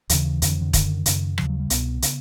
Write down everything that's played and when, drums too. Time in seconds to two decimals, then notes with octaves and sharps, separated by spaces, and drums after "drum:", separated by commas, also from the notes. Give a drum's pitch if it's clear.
0.09 D#2 C#3 E3, drum: hi-hat
0.42 F2 D3, drum: hi-hat
0.61 D3
0.73 F#2 D3 D#3, drum: kick E1, hi-hat
1.06 F#2 C#3, drum: hi-hat
1.38 D#2 C#3 F3, drum: rim click
1.49 F#3
1.60 G3
1.70 C2 B2 B3, drum: hi-hat
2.02 C#3, drum: hi-hat